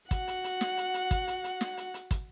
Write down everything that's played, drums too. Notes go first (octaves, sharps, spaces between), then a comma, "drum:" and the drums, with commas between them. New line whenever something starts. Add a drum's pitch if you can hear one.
F#4 F#5, drum: kick, hi-hat
drum: hi-hat
drum: hi-hat
drum: snare
drum: hi-hat
drum: hi-hat
drum: kick, hi-hat
drum: hi-hat
drum: hi-hat
drum: snare
drum: hi-hat
drum: hi-hat
drum: kick, hi-hat